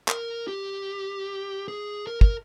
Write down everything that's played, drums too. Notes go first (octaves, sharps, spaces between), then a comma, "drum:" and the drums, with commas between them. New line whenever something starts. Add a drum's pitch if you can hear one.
A#4, drum: clap
G4
G#4
A#4
A#4, drum: kick